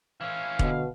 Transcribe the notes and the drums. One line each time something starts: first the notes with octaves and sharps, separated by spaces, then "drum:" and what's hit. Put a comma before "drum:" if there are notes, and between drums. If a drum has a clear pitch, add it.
E3 C#4 F5
B2 D3, drum: kick E1